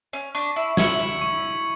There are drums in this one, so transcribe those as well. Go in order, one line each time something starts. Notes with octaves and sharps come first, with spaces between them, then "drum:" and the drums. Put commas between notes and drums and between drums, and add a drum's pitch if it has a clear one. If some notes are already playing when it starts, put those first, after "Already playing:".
C#4
D4 C#6
E4
E4 G#6 C#7 F#7, drum: snare
E4
C#6